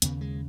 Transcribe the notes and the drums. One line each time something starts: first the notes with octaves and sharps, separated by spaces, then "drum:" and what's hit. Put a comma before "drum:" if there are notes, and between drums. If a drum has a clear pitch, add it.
D#2 C#3 B3, drum: hi-hat
G#3